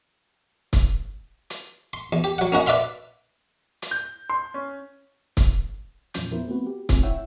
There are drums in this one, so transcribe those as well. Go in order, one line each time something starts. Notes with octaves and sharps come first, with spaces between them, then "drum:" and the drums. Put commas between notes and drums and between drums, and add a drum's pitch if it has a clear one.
drum: kick, hi-hat
drum: hi-hat
C6
E2
G4
F#3 F#5
A#3 C#4 F#4 D#5
B4 D5 E5 F5 C6
drum: hi-hat
G6
C6
C#4
drum: kick, hi-hat
E2 A#2 F3 F#3 C#4 G6, drum: hi-hat
F3 B3 E4 A#4 C5
A3 B3 C4 F#4 B4
G4
A3 C4 F4 G#4, drum: kick, hi-hat
E4 C#5 E5 F#5 G5 E6